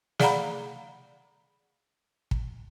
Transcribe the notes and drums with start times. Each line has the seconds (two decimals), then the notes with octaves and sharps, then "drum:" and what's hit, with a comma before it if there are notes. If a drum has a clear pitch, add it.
0.20 G#4 D5 F5 F#5 A#5 B5, drum: snare
2.31 drum: kick